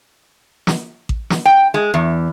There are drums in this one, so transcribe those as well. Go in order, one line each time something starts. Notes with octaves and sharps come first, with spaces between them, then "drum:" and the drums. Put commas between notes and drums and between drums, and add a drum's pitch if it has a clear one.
drum: snare
drum: kick A1
drum: snare
G5
G#3
E2